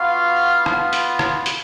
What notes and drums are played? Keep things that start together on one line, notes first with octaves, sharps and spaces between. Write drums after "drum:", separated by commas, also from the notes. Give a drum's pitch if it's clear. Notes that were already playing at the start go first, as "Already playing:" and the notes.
Already playing: B3 F4 F#4 F5
B3 F4, drum: rim click
drum: hi-hat
drum: rim click
drum: hi-hat